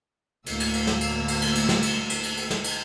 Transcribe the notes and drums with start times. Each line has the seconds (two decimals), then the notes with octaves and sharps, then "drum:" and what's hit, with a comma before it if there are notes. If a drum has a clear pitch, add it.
0.46 D2 A2 A#3 E6, drum: cymbal
0.60 drum: cymbal
0.74 drum: cymbal
0.87 drum: snare
1.01 drum: cymbal
1.28 drum: cymbal
1.42 drum: cymbal
1.55 drum: cymbal
1.69 drum: snare
1.82 drum: cymbal
2.10 drum: cymbal
2.23 drum: cymbal
2.37 drum: cymbal
2.51 drum: snare
2.64 drum: cymbal